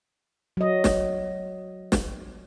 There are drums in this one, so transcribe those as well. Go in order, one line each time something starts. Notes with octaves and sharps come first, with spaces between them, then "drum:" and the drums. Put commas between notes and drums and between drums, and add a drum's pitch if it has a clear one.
F#3 D#5
drum: snare
drum: snare